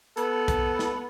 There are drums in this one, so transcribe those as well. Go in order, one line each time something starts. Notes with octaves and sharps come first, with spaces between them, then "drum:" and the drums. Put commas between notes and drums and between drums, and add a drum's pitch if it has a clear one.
B3 A4, drum: hi-hat
drum: kick, hi-hat
drum: snare